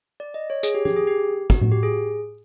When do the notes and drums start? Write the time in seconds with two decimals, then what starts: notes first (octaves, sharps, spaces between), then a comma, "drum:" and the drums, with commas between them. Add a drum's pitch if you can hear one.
0.20 D5
0.34 D#5
0.50 C#5
0.63 G#4, drum: hi-hat
0.75 G4
0.85 G4, drum: tom
0.96 G#4
1.07 G4
1.50 F#4, drum: kick
1.61 F#4, drum: tom A2
1.72 G4
1.83 G#4